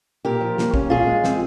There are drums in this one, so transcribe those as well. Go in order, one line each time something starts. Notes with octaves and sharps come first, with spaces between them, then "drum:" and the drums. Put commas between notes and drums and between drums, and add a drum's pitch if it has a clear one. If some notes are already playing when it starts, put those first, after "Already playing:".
A#2 G4 A#4
F3
A#3, drum: snare
C#4, drum: kick
A#2 F4 G#4
G#3
C4, drum: snare